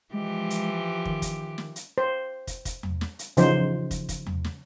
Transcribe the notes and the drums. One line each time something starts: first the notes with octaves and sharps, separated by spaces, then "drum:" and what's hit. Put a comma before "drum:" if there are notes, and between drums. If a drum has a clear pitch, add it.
E3 F3 G#3 G4
drum: hi-hat
D#3, drum: kick
drum: kick, hi-hat
drum: snare
drum: hi-hat
C5
drum: kick, hi-hat
drum: kick, hi-hat
drum: tom E2
drum: snare
drum: hi-hat
C#3 E3 F3 D#4 C5, drum: hi-hat
drum: kick, hi-hat
drum: kick, hi-hat
drum: tom E2
drum: snare